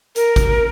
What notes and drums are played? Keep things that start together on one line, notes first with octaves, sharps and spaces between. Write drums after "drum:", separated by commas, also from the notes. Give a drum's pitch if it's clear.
A#4, drum: hi-hat
drum: kick G#1, hi-hat